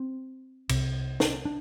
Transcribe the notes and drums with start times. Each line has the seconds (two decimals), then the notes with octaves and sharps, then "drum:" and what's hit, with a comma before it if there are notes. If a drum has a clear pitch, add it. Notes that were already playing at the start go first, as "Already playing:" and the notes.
Already playing: C4
0.69 C2 C3, drum: cymbal
1.20 drum: snare
1.45 D4